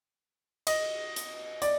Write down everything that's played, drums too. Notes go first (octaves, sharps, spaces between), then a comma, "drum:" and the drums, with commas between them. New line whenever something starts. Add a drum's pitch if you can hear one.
D#5, drum: cymbal
drum: hi-hat
D5, drum: hi-hat